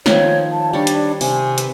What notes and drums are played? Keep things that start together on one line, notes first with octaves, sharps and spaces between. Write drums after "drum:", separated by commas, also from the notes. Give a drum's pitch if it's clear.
D#3 F3 C#5, drum: snare
A5
G3 D4 C#5
drum: hi-hat
C3 G#5, drum: open hi-hat
B4, drum: hi-hat